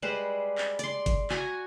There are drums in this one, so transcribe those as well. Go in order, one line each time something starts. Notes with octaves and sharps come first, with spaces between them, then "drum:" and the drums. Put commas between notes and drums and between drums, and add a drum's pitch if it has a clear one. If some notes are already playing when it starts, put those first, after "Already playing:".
G3 G#3 B4 C5
drum: clap
D5 C6, drum: hi-hat
drum: kick G1, hi-hat
F#4 G#5 A#5, drum: clap